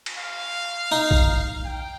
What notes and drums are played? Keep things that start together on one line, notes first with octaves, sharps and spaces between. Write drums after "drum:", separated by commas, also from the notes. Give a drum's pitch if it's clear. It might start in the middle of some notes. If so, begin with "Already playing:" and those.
drum: cymbal
F5
D#4
drum: kick A#1
G5